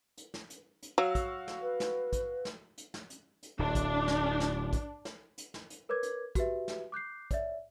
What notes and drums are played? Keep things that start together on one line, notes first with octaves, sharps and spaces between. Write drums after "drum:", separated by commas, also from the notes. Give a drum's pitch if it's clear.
drum: hi-hat
drum: snare
drum: hi-hat
drum: hi-hat
F#3 F#4 F5 E6
drum: kick, hi-hat
drum: snare
B4
drum: snare
drum: kick, hi-hat
drum: snare
drum: hi-hat
drum: snare
drum: hi-hat
drum: hi-hat
D1 D4
drum: kick, hi-hat
drum: snare
drum: snare
drum: kick, hi-hat
drum: snare
drum: hi-hat
drum: snare
drum: hi-hat
A#4 B4 C#5 D6 G#6
drum: hi-hat
F#4 G4 B4 E5, drum: kick, hi-hat
drum: snare
D6 F#6 G6 C7
C#5 D5 E5, drum: kick, hi-hat